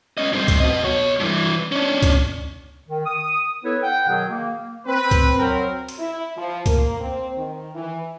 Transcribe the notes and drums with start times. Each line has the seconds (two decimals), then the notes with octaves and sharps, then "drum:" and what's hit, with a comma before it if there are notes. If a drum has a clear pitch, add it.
0.18 C#4 D#5
0.33 G2 C4
0.48 drum: kick, hi-hat
0.60 F#4 D#5
0.83 B2 C#5
1.20 G2 E3
1.72 C#4 D4
2.03 drum: kick, hi-hat
2.88 D#3
3.06 D#6
3.64 B3 E4 A4 B4 C#5
3.83 F#5 G5
4.08 B2 D#3 F#3 G#4
4.30 A#3
4.87 C4 B4
5.11 drum: kick, hi-hat
5.38 F#3 C4 A#4
5.89 drum: hi-hat
5.99 E4
6.37 F3
6.66 A#3, drum: kick, hi-hat
7.00 C4
7.37 D#3
7.75 E3